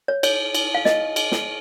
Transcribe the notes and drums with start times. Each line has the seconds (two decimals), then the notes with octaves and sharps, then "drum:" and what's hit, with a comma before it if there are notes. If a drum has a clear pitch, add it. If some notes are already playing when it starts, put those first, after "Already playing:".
0.08 C#5
0.23 C#5, drum: cymbal
0.54 drum: cymbal
0.74 F5
0.85 D#5, drum: snare
1.16 drum: cymbal
1.32 drum: snare